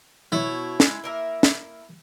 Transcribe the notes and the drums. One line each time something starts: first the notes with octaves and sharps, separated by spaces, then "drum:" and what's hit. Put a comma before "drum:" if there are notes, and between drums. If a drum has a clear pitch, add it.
B2 E4 C#5
G#3, drum: snare
A#3 A#4 E5
drum: snare